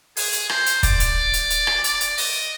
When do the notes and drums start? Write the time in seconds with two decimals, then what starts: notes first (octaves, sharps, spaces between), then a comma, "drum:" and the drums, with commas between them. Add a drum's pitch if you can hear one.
0.17 G#4, drum: open hi-hat
0.33 drum: hi-hat
0.49 C5, drum: rim click
0.66 drum: hi-hat
0.83 D5, drum: kick, hi-hat
1.00 drum: hi-hat
1.33 drum: hi-hat
1.50 drum: hi-hat
1.67 drum: rim click
1.84 D5, drum: hi-hat
2.01 drum: hi-hat
2.18 D#5, drum: open hi-hat